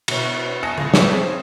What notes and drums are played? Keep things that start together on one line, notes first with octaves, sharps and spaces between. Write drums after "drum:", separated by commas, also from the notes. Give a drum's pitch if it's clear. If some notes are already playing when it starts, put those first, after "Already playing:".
B2 B3 C#4, drum: cymbal
G#5 A5 D#6 F#6 A#6 C#7
C#2
G4 G#4 B4 C#5 E5 A5, drum: snare
C4 G#4 C5